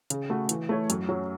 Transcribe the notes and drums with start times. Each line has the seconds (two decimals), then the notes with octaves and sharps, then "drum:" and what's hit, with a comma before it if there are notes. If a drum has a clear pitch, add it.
0.10 C#3, drum: hi-hat
0.30 A3 F#4
0.49 E3, drum: hi-hat
0.69 A3 E4 C#5
0.90 F#2, drum: hi-hat
1.09 F#3 C#4